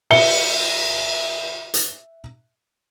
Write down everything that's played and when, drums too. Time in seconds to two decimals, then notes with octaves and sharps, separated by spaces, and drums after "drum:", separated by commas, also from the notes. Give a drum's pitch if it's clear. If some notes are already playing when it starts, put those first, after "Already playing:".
0.11 E5 C#7 G7, drum: cymbal
1.74 drum: hi-hat